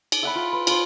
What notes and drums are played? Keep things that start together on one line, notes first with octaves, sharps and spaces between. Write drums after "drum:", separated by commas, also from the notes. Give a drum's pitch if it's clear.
drum: cymbal
E5 F#5 B5
F4
B4
F4 C5, drum: cymbal